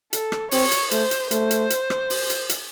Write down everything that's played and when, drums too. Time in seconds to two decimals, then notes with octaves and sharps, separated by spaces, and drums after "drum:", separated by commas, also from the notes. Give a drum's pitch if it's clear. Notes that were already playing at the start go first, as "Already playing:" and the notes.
0.13 A4, drum: hi-hat
0.32 drum: rim click
0.51 C4 C#5, drum: open hi-hat
0.71 drum: hi-hat
0.91 A3 C5, drum: hi-hat
1.11 drum: hi-hat
1.31 A3 C5, drum: hi-hat
1.51 drum: hi-hat
1.70 drum: hi-hat
1.90 drum: rim click
2.10 drum: open hi-hat
2.30 drum: hi-hat
2.49 drum: hi-hat